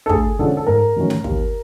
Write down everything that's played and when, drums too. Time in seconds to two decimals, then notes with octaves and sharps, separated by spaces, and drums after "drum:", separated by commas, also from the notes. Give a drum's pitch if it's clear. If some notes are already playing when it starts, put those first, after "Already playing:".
0.06 A4
0.09 D2 G#4, drum: kick
0.39 D3 F3 G#3 C#4 A4
0.57 A4
0.67 G#2 A#4
0.96 D#3 F#3 A3 C#4
1.10 drum: snare
1.24 D#2, drum: kick